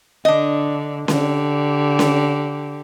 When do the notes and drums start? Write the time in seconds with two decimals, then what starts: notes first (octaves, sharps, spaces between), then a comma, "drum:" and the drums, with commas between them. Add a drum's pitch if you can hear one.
0.25 D3 D4 D#5
1.08 D3 G4, drum: snare C#4
1.99 drum: snare C#4